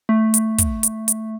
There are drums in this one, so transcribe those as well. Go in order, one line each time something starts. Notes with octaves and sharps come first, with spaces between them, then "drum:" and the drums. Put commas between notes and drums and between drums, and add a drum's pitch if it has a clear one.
A3
drum: hi-hat
drum: kick, hi-hat
drum: hi-hat
drum: hi-hat